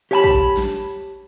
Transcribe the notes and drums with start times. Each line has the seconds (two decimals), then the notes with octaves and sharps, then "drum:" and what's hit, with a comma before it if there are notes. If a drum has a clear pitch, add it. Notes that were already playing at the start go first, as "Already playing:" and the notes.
0.11 G4 C#5 F#5 G#5 A5 B5
0.24 drum: kick
0.57 drum: snare